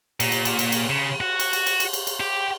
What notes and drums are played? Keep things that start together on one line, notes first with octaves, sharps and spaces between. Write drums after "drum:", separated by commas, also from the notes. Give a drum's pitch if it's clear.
A#2, drum: cymbal
drum: cymbal
drum: cymbal
drum: cymbal
drum: cymbal
C#3
F#4
drum: cymbal
drum: cymbal
drum: cymbal
drum: cymbal
drum: cymbal
drum: cymbal
G4